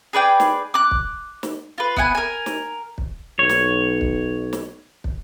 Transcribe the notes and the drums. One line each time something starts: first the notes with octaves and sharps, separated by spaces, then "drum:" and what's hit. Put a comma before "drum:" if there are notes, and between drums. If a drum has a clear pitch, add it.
G#4 B4 D5 G5
drum: snare
D6 F#6
drum: kick
drum: snare
F4 B4
B3 E4 F#5 G#5, drum: kick
A#4 G#5
drum: snare
drum: kick
B1 C#5
drum: snare
drum: kick
drum: snare
drum: kick